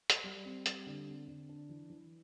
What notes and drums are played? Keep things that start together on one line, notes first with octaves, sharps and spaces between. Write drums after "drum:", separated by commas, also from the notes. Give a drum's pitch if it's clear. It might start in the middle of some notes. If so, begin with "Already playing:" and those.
drum: hi-hat
G3
C4
G3, drum: hi-hat
D3
C4
D3
D4
E3
E3